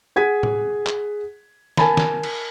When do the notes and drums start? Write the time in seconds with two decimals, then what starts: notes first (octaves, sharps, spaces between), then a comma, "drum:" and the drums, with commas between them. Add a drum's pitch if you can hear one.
0.16 G#4 F#5 G#6 B6 D#7
0.43 drum: tom A2
0.86 drum: clap
1.77 A#4 G#5 A5 B5, drum: snare
1.97 drum: snare
2.23 drum: cymbal